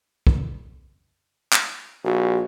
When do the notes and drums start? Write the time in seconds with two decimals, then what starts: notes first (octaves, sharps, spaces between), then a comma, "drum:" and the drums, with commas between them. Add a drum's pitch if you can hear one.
0.27 drum: kick
1.52 drum: clap
2.05 A#1 F#4